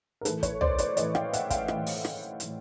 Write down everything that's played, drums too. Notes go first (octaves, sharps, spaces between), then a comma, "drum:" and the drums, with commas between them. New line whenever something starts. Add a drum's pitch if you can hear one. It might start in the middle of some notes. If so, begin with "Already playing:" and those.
A#4
A2 E3 A4 B4, drum: hi-hat
B4 C#5, drum: kick, hi-hat
C5 D5, drum: tom
B4 C#5, drum: hi-hat
A2 E3 C#5 D#5, drum: hi-hat
F5 G5, drum: rim click
E5 F#5, drum: hi-hat
F5 G5, drum: kick, hi-hat
A2 E3 D#5 F5, drum: rim click
drum: open hi-hat
drum: rim click
A2 E3, drum: hi-hat